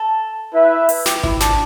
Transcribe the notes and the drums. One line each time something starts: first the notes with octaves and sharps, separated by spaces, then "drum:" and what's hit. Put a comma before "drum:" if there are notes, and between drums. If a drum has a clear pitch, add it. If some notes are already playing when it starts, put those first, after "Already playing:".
Already playing: A4
E4 B4 E5
drum: open hi-hat
G4, drum: snare
E4, drum: kick G#1
D4, drum: snare